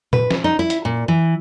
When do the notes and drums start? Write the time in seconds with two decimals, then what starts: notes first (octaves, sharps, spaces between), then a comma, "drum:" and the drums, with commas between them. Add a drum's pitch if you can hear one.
0.13 B4, drum: tom
0.31 drum: snare
0.44 D#4
0.59 E4
0.70 drum: hi-hat
0.85 A#2
1.08 E3